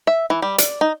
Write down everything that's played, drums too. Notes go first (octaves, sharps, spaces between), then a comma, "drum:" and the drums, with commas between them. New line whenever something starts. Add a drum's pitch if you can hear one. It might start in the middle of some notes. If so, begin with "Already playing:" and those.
E5
E3
G3
D5, drum: hi-hat
D#4